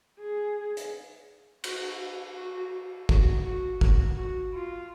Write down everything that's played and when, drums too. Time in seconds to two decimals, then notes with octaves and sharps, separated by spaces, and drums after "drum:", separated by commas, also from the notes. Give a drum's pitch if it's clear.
0.19 G#4
0.77 drum: hi-hat
1.64 F#4, drum: cymbal
2.36 F#4
3.09 F#4, drum: kick
3.45 F#4
3.81 F#4, drum: kick
4.17 F#4
4.53 F4